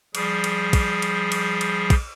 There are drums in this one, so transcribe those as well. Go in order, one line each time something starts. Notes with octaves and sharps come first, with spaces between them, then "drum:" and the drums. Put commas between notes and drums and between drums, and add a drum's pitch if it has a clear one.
F3 G3 G#4, drum: cymbal
drum: cymbal
drum: kick, cymbal
drum: cymbal
drum: cymbal
drum: cymbal
drum: kick, cymbal